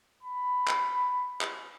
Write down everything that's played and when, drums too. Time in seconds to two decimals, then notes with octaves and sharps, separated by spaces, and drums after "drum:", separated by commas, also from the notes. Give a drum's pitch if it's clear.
0.23 B5
0.67 drum: clap
1.41 drum: clap